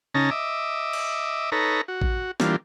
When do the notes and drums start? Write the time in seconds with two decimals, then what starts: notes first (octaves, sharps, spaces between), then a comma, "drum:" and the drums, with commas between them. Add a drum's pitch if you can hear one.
0.15 C#3 C#4 D#4 A5 A#5
0.31 D#5 E5 D6
0.93 drum: cymbal
1.52 D#4 A4 B4 C#5 A#5
1.88 F#4
2.02 drum: kick A1
2.40 E3 G3 A#3 D4 F4, drum: snare